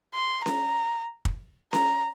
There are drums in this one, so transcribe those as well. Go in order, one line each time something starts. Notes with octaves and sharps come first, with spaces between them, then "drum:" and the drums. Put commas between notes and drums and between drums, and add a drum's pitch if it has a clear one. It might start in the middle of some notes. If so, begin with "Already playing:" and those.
C6
A#5, drum: snare C#4
drum: kick
A#5, drum: snare C#4